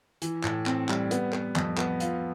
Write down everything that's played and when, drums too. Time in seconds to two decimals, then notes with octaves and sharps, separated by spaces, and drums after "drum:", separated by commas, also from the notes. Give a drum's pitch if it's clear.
0.22 E3, drum: hi-hat
0.44 A2, drum: clap
0.66 C4, drum: clap
0.89 G3, drum: clap
1.11 B3, drum: hi-hat
1.33 B3, drum: clap
1.56 F2, drum: clap
1.78 B3, drum: clap
2.00 F4, drum: hi-hat